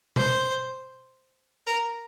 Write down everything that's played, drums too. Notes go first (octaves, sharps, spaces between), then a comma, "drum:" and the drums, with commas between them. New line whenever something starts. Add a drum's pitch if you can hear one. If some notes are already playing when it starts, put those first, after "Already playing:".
C5, drum: tom B2
A#4